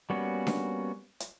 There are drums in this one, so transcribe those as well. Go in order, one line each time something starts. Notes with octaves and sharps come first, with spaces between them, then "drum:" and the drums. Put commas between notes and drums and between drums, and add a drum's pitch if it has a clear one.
G3 A#3 B3 C#4 F#4
drum: snare D4
drum: hi-hat